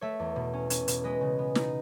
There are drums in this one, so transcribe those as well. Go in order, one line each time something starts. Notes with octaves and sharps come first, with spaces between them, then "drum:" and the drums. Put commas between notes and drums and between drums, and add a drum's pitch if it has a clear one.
A3 C#5 E5
E2
B2
C#4
C#4, drum: hi-hat
B2, drum: hi-hat
G#3 B4 D#5
C#3
B3
D#4, drum: snare